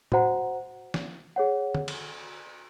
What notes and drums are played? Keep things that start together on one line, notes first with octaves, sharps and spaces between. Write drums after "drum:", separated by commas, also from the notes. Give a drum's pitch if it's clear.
F#4 C5 F#5 A#5, drum: tom A2
drum: snare
G#4 C#5 F#5
drum: tom D3
drum: cymbal